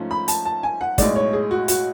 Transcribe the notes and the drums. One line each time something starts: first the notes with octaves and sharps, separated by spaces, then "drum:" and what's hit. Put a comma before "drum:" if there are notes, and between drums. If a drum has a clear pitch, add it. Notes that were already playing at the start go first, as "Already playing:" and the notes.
Already playing: G#2 F3 A3 C#4
B5
A5, drum: hi-hat
A5
G#5
F#5
B1 A2 G#3 D5, drum: kick, hi-hat
C#5
G#4
F#4
F#4, drum: hi-hat